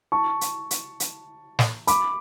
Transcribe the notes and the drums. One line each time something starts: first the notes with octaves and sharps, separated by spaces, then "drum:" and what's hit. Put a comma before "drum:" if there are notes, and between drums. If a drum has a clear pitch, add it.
A5 C#6
drum: hi-hat
drum: hi-hat
drum: hi-hat
drum: snare
B5 D6, drum: hi-hat